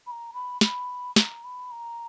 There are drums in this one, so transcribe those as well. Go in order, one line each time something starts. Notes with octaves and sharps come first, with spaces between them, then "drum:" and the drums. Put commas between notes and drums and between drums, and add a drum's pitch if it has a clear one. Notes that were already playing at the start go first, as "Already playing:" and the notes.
B5
A#5
B5
B5, drum: snare
A#5, drum: snare
B5
A#5